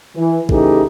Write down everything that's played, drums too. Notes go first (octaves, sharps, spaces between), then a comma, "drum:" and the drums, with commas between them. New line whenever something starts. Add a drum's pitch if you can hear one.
E3
C#3 E3 A3 D#4 G4 G#4, drum: kick A1